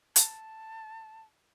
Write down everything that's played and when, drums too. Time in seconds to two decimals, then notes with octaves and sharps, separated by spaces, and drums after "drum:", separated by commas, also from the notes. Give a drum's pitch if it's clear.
0.16 A5, drum: hi-hat